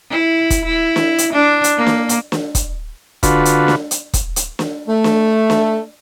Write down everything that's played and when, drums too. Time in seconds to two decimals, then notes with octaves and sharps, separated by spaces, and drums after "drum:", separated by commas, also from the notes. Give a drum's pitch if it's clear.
0.10 E4
0.50 drum: kick, hi-hat
0.65 E4
0.96 drum: snare
1.18 drum: hi-hat
1.33 D4
1.64 drum: hi-hat
1.77 A#3
1.87 drum: snare
2.09 drum: hi-hat
2.32 drum: snare
2.55 drum: kick, hi-hat
3.23 D3 F4 F#4 B4, drum: kick, hi-hat
3.45 drum: hi-hat
3.68 drum: snare
3.91 drum: hi-hat
4.13 drum: kick, hi-hat
4.36 drum: hi-hat
4.59 drum: snare
4.88 A3
5.04 drum: snare
5.50 drum: snare